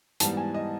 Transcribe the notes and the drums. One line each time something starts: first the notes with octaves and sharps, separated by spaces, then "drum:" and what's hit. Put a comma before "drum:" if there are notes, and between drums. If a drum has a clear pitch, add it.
G#2 E3 G3 B3 A5, drum: hi-hat
G#5
D#5